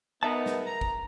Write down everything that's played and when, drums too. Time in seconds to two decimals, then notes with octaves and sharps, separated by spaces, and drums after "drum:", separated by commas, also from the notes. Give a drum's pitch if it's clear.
0.23 B3 D#4 A#4 E5 A5
0.46 drum: snare
0.67 A#5
0.81 drum: kick